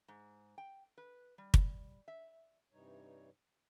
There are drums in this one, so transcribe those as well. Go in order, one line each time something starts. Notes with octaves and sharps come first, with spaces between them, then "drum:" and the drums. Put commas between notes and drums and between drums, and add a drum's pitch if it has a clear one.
G#2
G5
B4
G3
drum: kick
E5
G2 C3 E3 G3 D#4 C#5